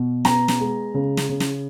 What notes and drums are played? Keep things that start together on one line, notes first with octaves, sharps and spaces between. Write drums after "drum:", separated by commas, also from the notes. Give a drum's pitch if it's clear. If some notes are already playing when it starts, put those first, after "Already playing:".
Already playing: B2
B3 A#5, drum: snare
drum: snare
G#3
C#3
drum: snare
C#3
drum: snare